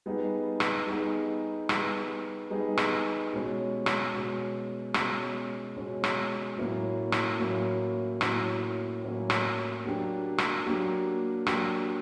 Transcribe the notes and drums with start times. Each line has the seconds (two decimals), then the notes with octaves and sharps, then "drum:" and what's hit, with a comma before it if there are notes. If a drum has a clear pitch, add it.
0.06 G3 B3 D#4 G#4
0.60 drum: rim click
0.87 G3 B3 D#4 G#4
1.69 G3 B3 D#4 G#4, drum: rim click
2.50 G3 B3 D#4 G#4
2.77 drum: rim click
3.32 B2 G#3 C#4
3.86 drum: rim click
4.13 B2 G#3 C#4
4.94 B2 G#3 C#4, drum: rim click
5.77 B2 G#3 C#4
6.04 drum: rim click
6.57 A2 F#3 A#3 C#4 E4
7.12 drum: rim click
7.39 A2 F#3 A#3 C#4 E4
8.21 A2 F#3 A#3 C#4 E4, drum: rim click
9.02 A2 F#3 A#3 C#4 E4
9.30 drum: rim click
9.84 F#3 A#3 D4 G4
10.38 drum: rim click
10.66 F#3 A#3 D4 G4
11.47 F#3 A#3 D4 G4, drum: rim click